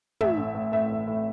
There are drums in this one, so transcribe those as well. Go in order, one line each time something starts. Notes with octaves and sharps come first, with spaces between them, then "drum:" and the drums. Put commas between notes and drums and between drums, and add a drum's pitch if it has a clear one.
A1 E5, drum: tom
A2
A2
A2 E5
A1
A2